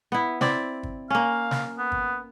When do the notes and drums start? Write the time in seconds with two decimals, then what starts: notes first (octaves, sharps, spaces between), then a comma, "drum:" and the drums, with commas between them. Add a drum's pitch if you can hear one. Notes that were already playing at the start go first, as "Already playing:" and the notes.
0.12 B3 E4
0.41 C4 E4 D5, drum: snare
0.83 drum: kick
1.10 A#3 C#4 F5
1.51 drum: snare
1.78 B3
1.92 drum: kick